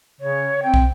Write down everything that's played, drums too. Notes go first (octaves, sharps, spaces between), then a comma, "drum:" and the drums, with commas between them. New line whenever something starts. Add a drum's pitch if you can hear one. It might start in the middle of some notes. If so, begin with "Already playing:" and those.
C#3 C#5
C4 G5
drum: kick